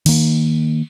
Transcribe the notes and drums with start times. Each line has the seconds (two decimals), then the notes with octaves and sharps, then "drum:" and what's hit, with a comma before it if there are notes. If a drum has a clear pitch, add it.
0.06 D#3 A#3, drum: cymbal